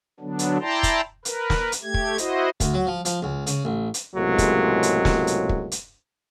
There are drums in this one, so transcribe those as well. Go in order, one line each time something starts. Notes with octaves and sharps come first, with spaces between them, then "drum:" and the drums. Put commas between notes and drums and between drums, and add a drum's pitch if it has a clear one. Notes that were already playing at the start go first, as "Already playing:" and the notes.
D3 F#3 B3 D4
drum: hi-hat
E4 D5 G5 A5 A#5 C6
drum: kick, hi-hat
A#4 B4, drum: hi-hat
drum: snare
drum: hi-hat
A3 G4 G#6
drum: kick
E4 F#4 C5 D#5, drum: hi-hat
D2, drum: kick, hi-hat
F#3
F3
F3, drum: hi-hat
C#2
C#3, drum: hi-hat
A1
drum: hi-hat
C#2 A2 C3 F#3 G#3 A#3
drum: kick, hi-hat
drum: hi-hat
drum: snare
drum: hi-hat
drum: kick
drum: hi-hat